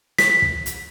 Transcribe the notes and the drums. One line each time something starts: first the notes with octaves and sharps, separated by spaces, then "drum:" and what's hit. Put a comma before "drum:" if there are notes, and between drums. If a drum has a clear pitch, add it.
B6, drum: snare
drum: kick
drum: hi-hat